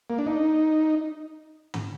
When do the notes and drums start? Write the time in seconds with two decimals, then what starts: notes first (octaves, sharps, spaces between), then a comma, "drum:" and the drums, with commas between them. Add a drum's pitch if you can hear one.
0.10 A#3
0.18 D4
0.26 D#4
1.74 drum: tom